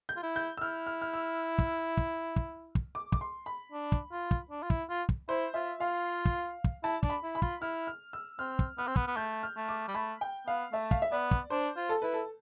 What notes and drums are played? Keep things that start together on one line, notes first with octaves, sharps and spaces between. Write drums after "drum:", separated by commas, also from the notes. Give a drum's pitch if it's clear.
G6
F4
E4
G6
E6
E4 F6
F6
F6
E6
drum: kick
drum: kick
drum: kick
drum: kick
D6
D6, drum: kick
C6
B5
D4
drum: kick
F4
drum: kick
D4
F4
E4, drum: kick
F4
drum: kick
E4 C5
F4 E5
F4 F5
drum: kick
drum: kick
E4 A5
D4, drum: kick
B5
E4
B5
F4, drum: kick
E4 F6
F6
E6
C4 F6
drum: kick
B3 F6
C4
B3, drum: kick
B3
A3 G6
F6
A3
D6
G3
A3 B5
G5
B3 F5
A3 E5
F5, drum: kick
E5
B3 D5
drum: kick
D4 C5
F4
A4
E4 B4
A4